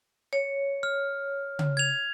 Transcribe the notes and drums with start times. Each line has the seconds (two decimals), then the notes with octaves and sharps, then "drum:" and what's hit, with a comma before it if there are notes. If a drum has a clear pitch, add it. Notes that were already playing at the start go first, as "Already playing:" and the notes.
0.33 C#5
0.83 F6
1.59 drum: tom C#3
1.77 G#6 F7